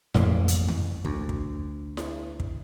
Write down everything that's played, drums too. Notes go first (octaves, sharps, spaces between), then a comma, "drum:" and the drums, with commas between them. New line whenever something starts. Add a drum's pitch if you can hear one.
A1 F2 G#2 A#3, drum: snare E4
drum: hi-hat
drum: tom F2
D2, drum: kick
drum: kick
drum: snare E4
drum: kick